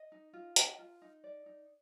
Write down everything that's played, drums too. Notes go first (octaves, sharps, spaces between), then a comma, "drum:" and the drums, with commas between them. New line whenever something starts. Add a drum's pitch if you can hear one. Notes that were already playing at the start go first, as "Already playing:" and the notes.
Already playing: D#5
D#4
F4
D#5, drum: hi-hat
F4
D#4
D5
D#4